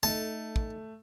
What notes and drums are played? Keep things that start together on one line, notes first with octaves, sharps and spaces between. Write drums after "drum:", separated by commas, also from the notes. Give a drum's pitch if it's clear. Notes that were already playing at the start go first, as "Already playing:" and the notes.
A3 D#4 A4 A5
drum: kick